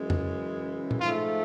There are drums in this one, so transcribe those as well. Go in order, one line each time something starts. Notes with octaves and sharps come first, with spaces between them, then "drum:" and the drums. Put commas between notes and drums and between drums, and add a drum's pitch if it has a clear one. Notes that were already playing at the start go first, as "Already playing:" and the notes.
Already playing: F#2 C#3 E3 G#3
drum: tom F2
drum: tom A#2
G#2 F3 A3 F4